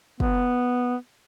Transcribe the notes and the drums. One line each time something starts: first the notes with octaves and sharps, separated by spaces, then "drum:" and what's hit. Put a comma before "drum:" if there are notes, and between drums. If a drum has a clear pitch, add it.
B3, drum: kick